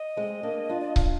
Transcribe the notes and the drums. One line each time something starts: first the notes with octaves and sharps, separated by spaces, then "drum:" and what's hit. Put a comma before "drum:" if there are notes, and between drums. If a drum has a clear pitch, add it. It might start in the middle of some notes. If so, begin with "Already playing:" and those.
Already playing: D#5
G#3 C4
A#3 D4
D4 F4
D5
D#5
F5, drum: kick C#1